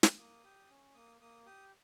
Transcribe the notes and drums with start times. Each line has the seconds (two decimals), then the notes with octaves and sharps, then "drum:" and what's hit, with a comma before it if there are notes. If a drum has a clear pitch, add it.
0.03 drum: snare
0.17 A#3 D#6
0.44 G4
0.69 C#4
0.95 A#3 D#6
1.21 A#3 D#6
1.46 G4 D#6